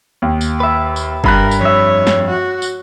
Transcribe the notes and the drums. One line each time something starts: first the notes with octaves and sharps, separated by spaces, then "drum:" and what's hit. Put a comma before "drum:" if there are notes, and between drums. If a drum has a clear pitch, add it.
D#2
drum: tambourine
B4 E5
drum: tambourine
G2 A#4 B5 F#6, drum: kick
drum: tambourine
F2 C#5 E5
drum: snare
F#4
drum: tambourine